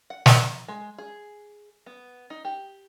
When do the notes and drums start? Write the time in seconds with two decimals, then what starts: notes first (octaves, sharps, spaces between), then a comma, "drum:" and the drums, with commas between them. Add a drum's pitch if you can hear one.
0.10 F#5
0.26 A#5, drum: snare
0.68 G#3
0.98 G#4
1.86 B3
2.30 D#4
2.45 G4